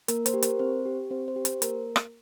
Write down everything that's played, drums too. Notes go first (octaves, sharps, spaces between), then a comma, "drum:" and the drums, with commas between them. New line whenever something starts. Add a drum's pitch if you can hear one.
A#3 A#4, drum: hi-hat
C5, drum: hi-hat
G4
A#4, drum: hi-hat
C4 C5
G4
C4 C5
C5
G4
C5, drum: hi-hat
A#3 A#4, drum: hi-hat
drum: rim click